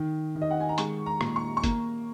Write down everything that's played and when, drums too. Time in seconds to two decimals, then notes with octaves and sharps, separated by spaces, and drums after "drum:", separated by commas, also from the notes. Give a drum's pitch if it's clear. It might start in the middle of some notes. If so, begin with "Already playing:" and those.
Already playing: D#3
0.36 D#3
0.41 D#5
0.51 F#5
0.60 G#5
0.69 A#5
0.78 G#3 C#6, drum: hi-hat
1.06 A#5
1.21 A#2, drum: rim click
1.36 C#6
1.57 C#6
1.64 A#3 A#5, drum: kick G1, hi-hat